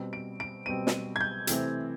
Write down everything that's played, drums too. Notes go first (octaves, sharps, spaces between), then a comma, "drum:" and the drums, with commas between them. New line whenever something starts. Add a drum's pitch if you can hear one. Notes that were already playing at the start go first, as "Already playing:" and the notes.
Already playing: B2 G3 C4
D7
D7
B2 G3 C4 D#7
drum: snare
G#6
G6
C3 E3 A3 C4, drum: hi-hat